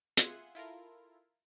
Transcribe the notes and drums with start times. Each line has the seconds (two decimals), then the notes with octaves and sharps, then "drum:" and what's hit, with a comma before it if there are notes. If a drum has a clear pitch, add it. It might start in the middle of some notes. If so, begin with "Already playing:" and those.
0.17 F4 G#4 E5 F#5 G#5 C6, drum: hi-hat
0.55 E4 F4 A4 A#4